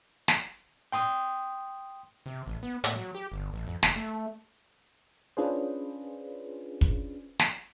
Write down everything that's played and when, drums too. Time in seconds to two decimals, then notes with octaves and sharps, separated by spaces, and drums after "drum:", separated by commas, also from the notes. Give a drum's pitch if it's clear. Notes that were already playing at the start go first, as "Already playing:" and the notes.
0.28 drum: snare
0.92 G5 C6 D#6 G6
2.26 C3
2.47 A1
2.63 B3
2.84 A2, drum: hi-hat
2.96 F#3
3.15 G4
3.32 G1
3.53 A1
3.67 F2
3.83 F#1, drum: snare
3.96 A3
5.37 C#4 D4 F4 G#4 B4 C5
6.81 drum: kick
7.39 drum: snare